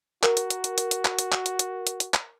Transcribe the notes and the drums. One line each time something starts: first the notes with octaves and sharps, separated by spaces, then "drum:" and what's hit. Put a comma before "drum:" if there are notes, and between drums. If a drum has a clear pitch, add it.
F#4 A#4, drum: clap
drum: hi-hat
drum: hi-hat
drum: hi-hat
drum: hi-hat
drum: hi-hat
drum: clap
drum: hi-hat
drum: clap
drum: hi-hat
drum: hi-hat
drum: hi-hat
drum: hi-hat
drum: clap